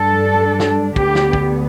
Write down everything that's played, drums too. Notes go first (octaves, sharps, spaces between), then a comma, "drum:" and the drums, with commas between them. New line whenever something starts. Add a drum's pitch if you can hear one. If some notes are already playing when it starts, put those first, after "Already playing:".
Already playing: G2 G3 D4 A4
drum: snare
D2 D3 B3 G4, drum: kick
drum: snare
drum: kick